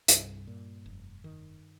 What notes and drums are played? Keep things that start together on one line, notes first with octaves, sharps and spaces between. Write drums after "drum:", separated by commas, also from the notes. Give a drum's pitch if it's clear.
C2 G2, drum: hi-hat
A#2
F1
D#3